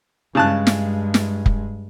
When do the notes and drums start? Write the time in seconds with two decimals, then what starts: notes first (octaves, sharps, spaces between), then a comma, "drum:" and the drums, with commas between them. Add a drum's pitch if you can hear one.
0.35 G2 C#3 G#3 A5 F#6
0.67 drum: snare
1.14 drum: snare
1.46 drum: kick